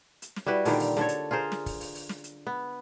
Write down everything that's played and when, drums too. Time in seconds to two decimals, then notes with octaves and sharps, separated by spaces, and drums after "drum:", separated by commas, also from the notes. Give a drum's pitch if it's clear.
0.22 drum: hi-hat
0.36 drum: snare
0.46 G3 E4 F#4 B4
0.65 A#2 D3 D#3 G3, drum: open hi-hat
0.80 drum: open hi-hat
0.97 D3 A4 C#5, drum: snare
1.09 drum: hi-hat
1.31 F4 G#4 A#4 C5
1.52 drum: snare
1.66 drum: kick, open hi-hat
1.81 drum: open hi-hat
1.95 drum: open hi-hat
2.09 drum: snare
2.24 drum: hi-hat
2.47 B3